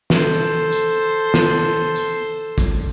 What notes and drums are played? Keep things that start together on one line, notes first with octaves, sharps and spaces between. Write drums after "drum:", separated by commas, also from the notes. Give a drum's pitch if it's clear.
A4 C5, drum: snare
drum: tambourine
drum: snare
drum: tambourine
drum: kick, tambourine